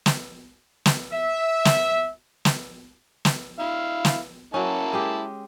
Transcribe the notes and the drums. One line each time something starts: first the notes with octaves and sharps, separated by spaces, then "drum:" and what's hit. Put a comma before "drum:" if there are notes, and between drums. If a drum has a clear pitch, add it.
drum: snare
drum: snare
E5
drum: snare
drum: snare
drum: snare
E4 F5
drum: snare
F#3 A#3 C#4 E4 A5
G#3 G4